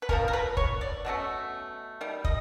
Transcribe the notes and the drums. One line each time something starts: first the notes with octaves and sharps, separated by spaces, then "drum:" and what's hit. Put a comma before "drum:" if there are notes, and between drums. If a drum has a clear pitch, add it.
B4
F3 G#3 C#4 A#4, drum: kick
A#4
B4
C#5, drum: kick
D5
B2 F#3 A3 C#4
D#3 G3
D#5, drum: kick